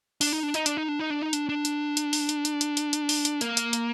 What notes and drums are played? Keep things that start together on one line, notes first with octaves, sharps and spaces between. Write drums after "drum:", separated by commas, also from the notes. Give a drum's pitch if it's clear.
D4, drum: open hi-hat
D#4
D4
D#4, drum: hi-hat
D4, drum: hi-hat
D#4
D4
D#4
D4
D#4
D4, drum: hi-hat
D4
drum: hi-hat
drum: hi-hat
drum: open hi-hat
drum: hi-hat
drum: hi-hat
drum: hi-hat
drum: hi-hat
drum: hi-hat
drum: open hi-hat
drum: hi-hat
A#3, drum: hi-hat
drum: hi-hat
drum: hi-hat